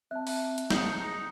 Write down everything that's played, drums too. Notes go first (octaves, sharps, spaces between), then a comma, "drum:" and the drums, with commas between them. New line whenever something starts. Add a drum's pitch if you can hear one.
C4 E5 A5 F#6
drum: open hi-hat
drum: hi-hat
D#4 D#6 G6 C7 C#7, drum: snare